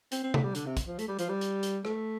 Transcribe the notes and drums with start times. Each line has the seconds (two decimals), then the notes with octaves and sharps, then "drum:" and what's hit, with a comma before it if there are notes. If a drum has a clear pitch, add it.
0.12 C4, drum: hi-hat
0.23 C4
0.34 A3, drum: tom C3
0.44 G3
0.55 D3, drum: hi-hat
0.66 C3
0.77 drum: kick, hi-hat
0.87 F3
0.99 A3, drum: hi-hat
1.08 G3
1.19 F3, drum: hi-hat
1.29 G3
1.41 drum: hi-hat
1.63 drum: hi-hat
1.85 A3, drum: rim click